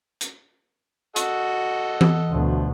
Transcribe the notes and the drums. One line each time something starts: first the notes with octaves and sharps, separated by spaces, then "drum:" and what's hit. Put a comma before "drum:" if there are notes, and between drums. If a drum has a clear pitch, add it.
drum: hi-hat
F#4 A4 D#5 F#5, drum: hi-hat
drum: tom E3
D2 B2 F3